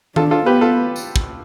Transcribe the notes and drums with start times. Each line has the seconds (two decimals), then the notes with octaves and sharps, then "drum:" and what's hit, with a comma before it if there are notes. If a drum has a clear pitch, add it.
0.16 D4 F4 A4, drum: tom D#3
0.31 F4 A4
0.46 B3 G4 B4
0.61 F4 A4
0.96 drum: tambourine
1.16 drum: kick